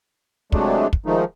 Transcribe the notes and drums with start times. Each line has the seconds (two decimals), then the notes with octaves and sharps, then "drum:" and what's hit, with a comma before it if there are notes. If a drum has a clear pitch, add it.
0.52 C3 F#3 G#3 A3 D4, drum: kick
0.93 drum: kick
1.06 D#3 F3 G#3 A3 D#4